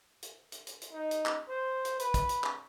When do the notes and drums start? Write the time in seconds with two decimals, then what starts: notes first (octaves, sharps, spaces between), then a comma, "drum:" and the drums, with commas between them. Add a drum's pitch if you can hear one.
0.22 drum: hi-hat
0.52 drum: hi-hat
0.67 drum: hi-hat
0.81 drum: hi-hat
0.93 D#4
1.11 drum: hi-hat
1.26 drum: clap
1.49 C5
1.85 drum: hi-hat
1.99 B4, drum: hi-hat
2.14 drum: kick, hi-hat
2.29 drum: hi-hat
2.44 drum: clap